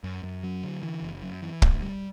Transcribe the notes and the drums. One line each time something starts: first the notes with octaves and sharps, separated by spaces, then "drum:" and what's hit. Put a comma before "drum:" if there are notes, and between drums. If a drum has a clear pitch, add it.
F#2
F#2
F#3
D3
E3
F#1
F#2
E3
D2, drum: kick
G3